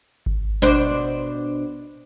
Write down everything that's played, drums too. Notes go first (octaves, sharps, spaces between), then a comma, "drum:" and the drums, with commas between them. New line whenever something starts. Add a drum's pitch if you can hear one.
drum: kick G#1
B2 D4 C5, drum: snare